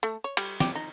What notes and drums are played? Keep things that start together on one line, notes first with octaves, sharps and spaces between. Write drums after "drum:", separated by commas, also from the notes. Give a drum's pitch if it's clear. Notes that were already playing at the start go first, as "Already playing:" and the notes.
A3
C#5
G3, drum: cymbal
G4, drum: snare
D#4